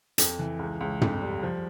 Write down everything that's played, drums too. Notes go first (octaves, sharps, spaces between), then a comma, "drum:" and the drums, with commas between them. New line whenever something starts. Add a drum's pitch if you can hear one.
F2, drum: hi-hat
E3
C#2
C#2
F2, drum: tom
G3
F3